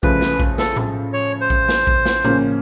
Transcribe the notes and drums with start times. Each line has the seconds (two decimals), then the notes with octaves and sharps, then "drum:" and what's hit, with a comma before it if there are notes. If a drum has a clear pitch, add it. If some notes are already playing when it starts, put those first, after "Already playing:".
0.03 C#3 F3 A3 B4, drum: kick A#1
0.21 drum: snare
0.40 drum: kick A#1
0.58 A4, drum: snare
0.76 drum: tom A2
1.13 C#5
1.41 C5
1.50 drum: kick A#1
1.69 drum: snare
1.87 drum: kick A#1
2.06 drum: snare
2.25 C#3 F3 A#3 C#4, drum: tom A2